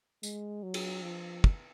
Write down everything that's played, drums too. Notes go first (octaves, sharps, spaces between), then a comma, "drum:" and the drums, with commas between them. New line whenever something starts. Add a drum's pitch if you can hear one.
G#3, drum: tambourine
F#3
drum: cymbal
F3
drum: kick